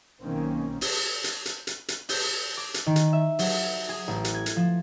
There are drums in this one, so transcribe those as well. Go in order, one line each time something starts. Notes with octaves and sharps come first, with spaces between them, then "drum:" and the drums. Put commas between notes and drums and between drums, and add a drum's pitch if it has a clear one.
B1 D#3 A#3 C4 C#4
drum: open hi-hat
drum: hi-hat
drum: hi-hat
drum: hi-hat
drum: hi-hat
G6, drum: open hi-hat
D6
drum: hi-hat
D#3
drum: hi-hat
E5
F#3, drum: open hi-hat
G#4
A1
drum: hi-hat
G#6
drum: hi-hat
F3